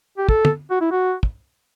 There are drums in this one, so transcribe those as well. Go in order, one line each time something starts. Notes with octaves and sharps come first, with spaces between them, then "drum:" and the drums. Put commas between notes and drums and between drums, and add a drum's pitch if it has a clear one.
G4
A4, drum: kick
drum: tom
F#4
E4
F#4
drum: kick